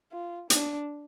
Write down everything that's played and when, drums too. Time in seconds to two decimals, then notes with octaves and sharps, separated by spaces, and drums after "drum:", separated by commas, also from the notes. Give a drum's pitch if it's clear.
0.12 F4
0.50 D4, drum: hi-hat